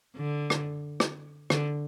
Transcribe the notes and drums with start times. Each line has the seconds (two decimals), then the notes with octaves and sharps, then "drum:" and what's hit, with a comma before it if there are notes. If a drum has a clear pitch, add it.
0.17 D3
0.50 drum: rim click
1.00 drum: rim click
1.50 D3, drum: rim click